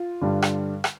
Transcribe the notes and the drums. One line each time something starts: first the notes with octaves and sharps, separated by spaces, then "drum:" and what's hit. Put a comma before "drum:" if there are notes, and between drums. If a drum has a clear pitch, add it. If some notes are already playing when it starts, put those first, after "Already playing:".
Already playing: F4
G2 D3 G3
drum: rim click
drum: rim click